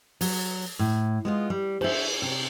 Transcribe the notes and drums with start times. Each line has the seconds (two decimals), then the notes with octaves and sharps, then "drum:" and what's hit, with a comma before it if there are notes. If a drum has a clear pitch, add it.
0.21 F#3, drum: open hi-hat
0.79 A2
1.25 G#3 B3 F4
1.50 G3
1.81 C5 E5, drum: cymbal
2.22 C3